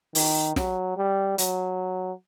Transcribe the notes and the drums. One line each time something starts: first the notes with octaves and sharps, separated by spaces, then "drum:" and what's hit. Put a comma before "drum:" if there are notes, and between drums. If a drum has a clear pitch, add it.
D#3, drum: open hi-hat
F#3, drum: snare
G3
F#3, drum: hi-hat